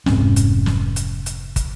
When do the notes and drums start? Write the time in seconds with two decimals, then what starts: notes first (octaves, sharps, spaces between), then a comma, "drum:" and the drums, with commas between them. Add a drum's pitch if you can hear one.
0.06 F1 G#2 C4 C#4, drum: snare
0.36 drum: hi-hat
0.66 drum: snare
0.96 drum: hi-hat
1.26 drum: hi-hat
1.56 drum: kick, hi-hat